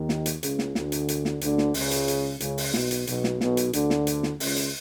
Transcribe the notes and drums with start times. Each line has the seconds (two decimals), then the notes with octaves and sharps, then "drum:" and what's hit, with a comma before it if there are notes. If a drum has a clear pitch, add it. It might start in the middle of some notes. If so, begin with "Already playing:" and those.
Already playing: D#2 D#3
0.09 drum: snare
0.26 drum: hi-hat
0.43 C#2 C#3, drum: hi-hat
0.59 drum: snare
0.75 D2 D3, drum: snare
0.92 drum: hi-hat
1.08 drum: hi-hat
1.25 drum: snare
1.41 D2 D3, drum: hi-hat
1.58 drum: snare
1.74 C#2 C#3, drum: open hi-hat
1.91 drum: hi-hat
2.08 drum: hi-hat
2.40 C#2 C#3, drum: hi-hat
2.58 drum: open hi-hat
2.74 B1 B2, drum: snare
2.91 drum: hi-hat
3.07 B1 B2, drum: hi-hat
3.24 drum: snare
3.41 B1 B2, drum: snare
3.57 drum: hi-hat
3.73 D2 D3, drum: hi-hat
3.90 drum: snare
4.07 drum: hi-hat
4.23 drum: snare
4.40 C#2 C#3, drum: open hi-hat
4.56 drum: hi-hat